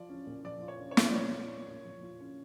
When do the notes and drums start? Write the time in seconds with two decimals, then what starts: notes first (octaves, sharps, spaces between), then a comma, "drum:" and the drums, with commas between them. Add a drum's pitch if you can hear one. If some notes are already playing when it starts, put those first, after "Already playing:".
Already playing: F3 F4 D5
0.09 C#4
0.27 A#2
0.44 F3 D5
0.62 F4
0.68 C#5
0.80 C#4
0.91 C#5
0.97 A#2, drum: snare
1.08 D5
1.15 F3 C#5
1.32 F4
1.50 C#4
1.68 A#2
1.85 F3
2.03 F4
2.20 C#4